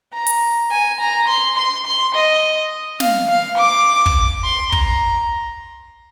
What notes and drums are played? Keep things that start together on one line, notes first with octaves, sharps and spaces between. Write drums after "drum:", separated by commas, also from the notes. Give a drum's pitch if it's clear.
A#5
drum: hi-hat
G#5
A#5
C6
C6
C6
D#5
F5, drum: snare
F5
D6
drum: kick
C6
A#5, drum: kick